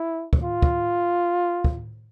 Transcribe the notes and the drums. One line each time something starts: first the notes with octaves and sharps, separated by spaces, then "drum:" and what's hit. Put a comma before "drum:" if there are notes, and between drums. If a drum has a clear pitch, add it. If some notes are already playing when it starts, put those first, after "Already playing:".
Already playing: E4
drum: kick
F4
drum: kick
drum: kick